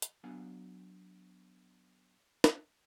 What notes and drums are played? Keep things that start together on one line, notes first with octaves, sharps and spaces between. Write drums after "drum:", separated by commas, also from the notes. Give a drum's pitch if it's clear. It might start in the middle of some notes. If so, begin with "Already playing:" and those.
drum: hi-hat
F#3 B3 D4 F5 F#5 G#5
drum: snare